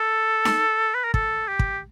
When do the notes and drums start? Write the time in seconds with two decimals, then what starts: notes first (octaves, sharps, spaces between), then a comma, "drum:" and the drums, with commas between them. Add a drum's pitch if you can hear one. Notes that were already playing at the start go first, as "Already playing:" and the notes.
Already playing: A4
0.45 drum: snare D#4
0.94 B4
1.04 A#4
1.14 A4, drum: kick
1.48 G4
1.59 drum: kick